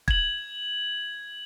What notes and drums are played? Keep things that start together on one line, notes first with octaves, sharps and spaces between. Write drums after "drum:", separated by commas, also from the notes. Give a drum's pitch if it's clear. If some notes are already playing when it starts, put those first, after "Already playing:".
G#6 F#7, drum: kick